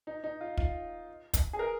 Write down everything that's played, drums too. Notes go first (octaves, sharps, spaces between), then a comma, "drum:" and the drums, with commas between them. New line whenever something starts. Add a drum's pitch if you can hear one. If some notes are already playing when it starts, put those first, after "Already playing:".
D#4
D#4
F4
F4, drum: kick
drum: kick, hi-hat
G#4
A#4